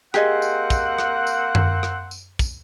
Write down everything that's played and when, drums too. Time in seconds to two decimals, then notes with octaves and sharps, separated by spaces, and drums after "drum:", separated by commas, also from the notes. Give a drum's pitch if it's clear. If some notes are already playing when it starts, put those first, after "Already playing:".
0.14 A#3 C4 G4 G#4 D#5 F#5, drum: rim click
0.42 drum: tambourine
0.70 drum: kick, tambourine
0.99 drum: rim click
1.27 drum: tambourine
1.55 drum: tom F#2
1.83 drum: rim click
2.11 drum: tambourine
2.39 drum: kick, tambourine